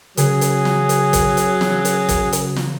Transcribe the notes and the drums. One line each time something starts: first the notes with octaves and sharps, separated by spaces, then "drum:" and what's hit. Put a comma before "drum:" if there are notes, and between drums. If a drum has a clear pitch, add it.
C#3 F#3 G#4, drum: hi-hat
drum: hi-hat
drum: snare
drum: hi-hat
drum: kick, hi-hat
drum: hi-hat
drum: snare
drum: hi-hat
drum: kick, hi-hat
drum: hi-hat
drum: snare